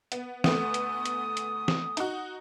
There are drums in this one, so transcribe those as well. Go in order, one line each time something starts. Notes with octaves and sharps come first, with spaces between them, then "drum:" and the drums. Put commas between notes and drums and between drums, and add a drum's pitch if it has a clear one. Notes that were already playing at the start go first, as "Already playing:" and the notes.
B3, drum: hi-hat
D2 A3 B3 D#6, drum: snare
drum: hi-hat
drum: hi-hat
drum: hi-hat
drum: snare
D#4 F#4, drum: hi-hat